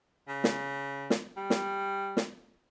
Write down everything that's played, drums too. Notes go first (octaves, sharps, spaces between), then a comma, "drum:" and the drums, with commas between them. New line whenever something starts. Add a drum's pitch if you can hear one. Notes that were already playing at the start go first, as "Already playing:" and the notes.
C#3
drum: snare
drum: snare
G3
drum: snare
drum: snare